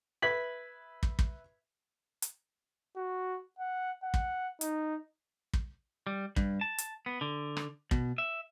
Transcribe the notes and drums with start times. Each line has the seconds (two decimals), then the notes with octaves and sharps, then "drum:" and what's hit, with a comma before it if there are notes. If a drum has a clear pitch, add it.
0.22 B4 E5 G#6 B6 F#7
1.03 drum: kick
1.19 drum: kick
2.22 drum: hi-hat
2.97 F#4
3.59 F#5
4.03 F#5
4.14 drum: kick
4.61 D#4, drum: hi-hat
5.54 drum: kick
6.07 G3
6.36 G2, drum: kick
6.61 A5
6.78 drum: hi-hat
7.06 B3
7.21 D3
7.57 drum: rim click
7.91 B2, drum: kick
8.18 E5